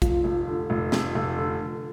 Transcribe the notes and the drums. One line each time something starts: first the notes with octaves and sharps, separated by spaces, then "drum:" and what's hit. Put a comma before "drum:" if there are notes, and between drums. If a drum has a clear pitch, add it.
F1 F4, drum: kick, hi-hat
F1
D3
F1
F1, drum: snare
F1
D3
D3